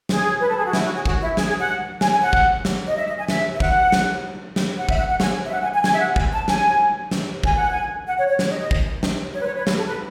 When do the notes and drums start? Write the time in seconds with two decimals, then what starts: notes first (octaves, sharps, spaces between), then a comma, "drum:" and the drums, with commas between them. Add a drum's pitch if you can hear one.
0.09 G#4, drum: snare
0.40 B4
0.49 A4
0.57 G#4
0.65 F#4
0.73 E4, drum: snare
0.84 F#4
0.95 G#4
1.06 F#4, drum: kick
1.21 E4
1.37 G#4, drum: snare
1.48 G#4
1.59 F#5
2.01 G#5, drum: snare
2.12 G#5
2.22 F#5
2.33 drum: kick
2.65 drum: snare
2.89 D#5
2.97 E5
3.07 D#5
3.18 G#5
3.28 E5, drum: snare
3.55 E5
3.60 F#5, drum: kick
3.92 drum: snare
4.56 drum: snare
4.79 F#5
4.89 E5, drum: kick
4.99 F#5
5.09 F#5
5.20 G#5, drum: snare
5.46 E5
5.52 F#5
5.63 G#5
5.73 G#5
5.84 G#5, drum: snare
5.93 E5
6.00 F#5
6.16 G#5, drum: kick
6.32 A5
6.48 G#5, drum: snare
7.11 drum: snare
7.43 G#5, drum: kick
7.57 F#5
7.70 G#5
8.07 F#5
8.18 C#5
8.28 C#5
8.39 C#5, drum: snare
8.49 D#5
8.60 D#5
8.71 drum: kick
9.03 drum: snare
9.35 C#5
9.41 B4
9.45 C#5
9.56 B4
9.67 drum: snare
9.77 A4
9.88 B4